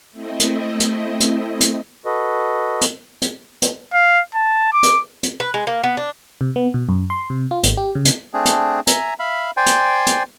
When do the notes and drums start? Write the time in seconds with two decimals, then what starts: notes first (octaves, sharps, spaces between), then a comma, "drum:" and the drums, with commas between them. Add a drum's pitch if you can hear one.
0.12 A3 C4 E4 D#5
0.40 drum: hi-hat
0.80 drum: hi-hat
1.20 drum: hi-hat
1.60 drum: hi-hat
2.05 F#4 A4 B4 D#5
2.81 drum: hi-hat
3.22 drum: hi-hat
3.62 drum: hi-hat
3.93 F5
4.35 A5
4.73 D6
4.83 drum: hi-hat
5.23 drum: hi-hat
5.40 B4
5.54 G#3
5.67 A#3
5.84 B3
5.97 D4
6.41 C3
6.56 B3
6.74 B2
6.89 F#2
7.10 C6
7.30 C3
7.51 F4
7.63 G#1, drum: hi-hat
7.77 G4
7.95 C#3
8.05 drum: hi-hat
8.34 A3 C4 D4 G#4
8.45 drum: hi-hat
8.87 E5 G#5 A#5, drum: hi-hat
9.19 E5 F5 B5
9.57 C5 D5 G5 G#5 C6
9.66 drum: hi-hat
10.07 drum: hi-hat